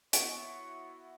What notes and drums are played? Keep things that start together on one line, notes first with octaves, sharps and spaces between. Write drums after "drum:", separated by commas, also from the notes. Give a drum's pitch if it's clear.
B3 E4 F#4 C#5 D7, drum: hi-hat